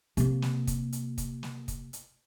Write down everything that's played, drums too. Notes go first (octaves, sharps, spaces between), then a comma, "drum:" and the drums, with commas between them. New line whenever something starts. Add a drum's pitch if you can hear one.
C3 A#3, drum: kick, hi-hat
drum: snare
drum: kick, hi-hat
drum: hi-hat
drum: kick, hi-hat
drum: snare
drum: kick, hi-hat
drum: hi-hat